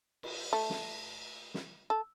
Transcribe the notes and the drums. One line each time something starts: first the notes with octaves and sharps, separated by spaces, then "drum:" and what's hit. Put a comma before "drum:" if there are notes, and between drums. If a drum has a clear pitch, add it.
drum: cymbal
A3
drum: snare
drum: snare
A4